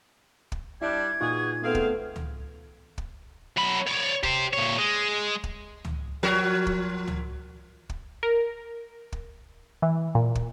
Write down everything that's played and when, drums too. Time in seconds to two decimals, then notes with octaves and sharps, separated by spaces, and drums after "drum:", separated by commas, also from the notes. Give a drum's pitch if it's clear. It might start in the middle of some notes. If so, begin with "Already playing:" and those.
0.52 drum: kick
0.82 G3 D4 E4 E5 G#6
1.21 A#2 E3 D#4 F4 F#4 G#4
1.63 A3 B3 C4 G#4 F5
1.75 drum: kick
2.16 drum: tom C#2
2.98 drum: kick
3.57 F#2 B5
3.87 C#5 D5
4.23 G4 C5, drum: kick
4.53 A#2 C#5
4.79 G#3
5.44 drum: kick
5.85 drum: tom C#2
6.23 F3 F#4 A#4
6.67 drum: kick
7.08 drum: tom C#2
7.89 drum: kick
8.23 A#4
9.12 drum: kick
9.82 E3
10.15 A#2
10.35 drum: kick